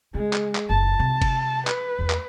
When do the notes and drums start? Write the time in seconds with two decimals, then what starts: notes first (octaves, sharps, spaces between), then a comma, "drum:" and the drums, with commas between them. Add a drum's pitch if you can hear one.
0.14 C#3 G#3
0.33 drum: clap
0.55 drum: clap
0.70 F#1 A5
0.99 C3
1.22 drum: kick, cymbal
1.67 B4, drum: clap
1.99 E2 A3
2.10 drum: clap